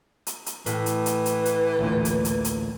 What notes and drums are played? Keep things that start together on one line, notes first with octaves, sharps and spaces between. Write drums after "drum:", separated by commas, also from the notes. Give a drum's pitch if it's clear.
drum: hi-hat
drum: hi-hat
A2 E3, drum: hi-hat
drum: hi-hat
drum: hi-hat
drum: hi-hat
drum: hi-hat
A1 D2 A#2
drum: hi-hat
drum: hi-hat
drum: hi-hat